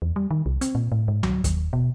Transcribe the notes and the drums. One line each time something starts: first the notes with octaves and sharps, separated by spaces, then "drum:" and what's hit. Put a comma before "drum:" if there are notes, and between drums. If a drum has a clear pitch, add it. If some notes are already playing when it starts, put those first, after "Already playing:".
E2
G3
D#3
C2
C4, drum: hi-hat
A#2
A2
G#2
F#3, drum: tom C#2
D#2, drum: kick, hi-hat
B2